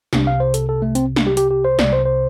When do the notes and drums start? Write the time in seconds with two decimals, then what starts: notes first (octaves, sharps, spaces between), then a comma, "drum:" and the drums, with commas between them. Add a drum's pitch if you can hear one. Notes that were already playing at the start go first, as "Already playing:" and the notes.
0.13 C2 C3 D4, drum: snare
0.27 F5
0.40 C5
0.54 A4, drum: hi-hat
0.69 A4
0.82 A3
0.95 C4, drum: hi-hat
1.16 D4, drum: snare
1.27 G4
1.37 G4, drum: hi-hat
1.51 G4
1.65 C5
1.79 C2 C3 D5, drum: snare
1.93 C5
2.05 C5